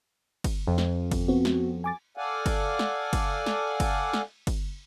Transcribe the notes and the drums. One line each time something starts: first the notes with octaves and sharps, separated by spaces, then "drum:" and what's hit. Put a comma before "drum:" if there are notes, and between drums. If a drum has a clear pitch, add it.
drum: kick, cymbal
F2
drum: snare
drum: kick, cymbal
B3 C4 F#4
drum: snare
G#5 D6 A6
A4 D5 F5 F#5 G#5
drum: kick, cymbal
drum: snare
drum: kick, cymbal
drum: snare
drum: kick, cymbal
drum: snare
drum: kick, cymbal